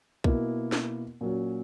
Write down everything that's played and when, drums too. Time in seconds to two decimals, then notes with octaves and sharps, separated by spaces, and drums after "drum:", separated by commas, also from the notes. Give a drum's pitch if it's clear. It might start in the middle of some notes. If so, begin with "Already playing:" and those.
0.24 B2 A#3 E4, drum: kick B1
0.72 drum: snare
1.21 A#2 F#3 C#4